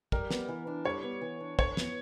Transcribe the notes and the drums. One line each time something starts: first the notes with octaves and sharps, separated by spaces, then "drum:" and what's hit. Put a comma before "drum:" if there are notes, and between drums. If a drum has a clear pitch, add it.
G3 A#4, drum: kick
B3, drum: snare
E3
D4
G3 C#5
B3
E3
D4
E3 C#5, drum: kick
B3, drum: snare